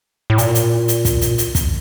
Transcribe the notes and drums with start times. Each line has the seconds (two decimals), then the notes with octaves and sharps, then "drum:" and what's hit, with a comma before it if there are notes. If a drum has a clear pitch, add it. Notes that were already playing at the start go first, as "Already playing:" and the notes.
0.30 A2
0.38 A#2, drum: hi-hat
0.55 drum: hi-hat
0.88 drum: hi-hat
1.05 drum: kick, hi-hat
1.21 drum: hi-hat
1.38 drum: hi-hat
1.55 drum: kick, hi-hat